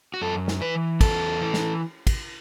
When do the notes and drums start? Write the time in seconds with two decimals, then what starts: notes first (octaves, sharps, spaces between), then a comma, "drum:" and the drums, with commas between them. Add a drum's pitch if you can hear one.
0.14 F#4
0.22 F#2 A4
0.48 drum: snare
0.61 E3 B4
1.01 E2 A4, drum: kick, cymbal
1.41 E3
1.54 drum: snare
2.07 drum: kick, cymbal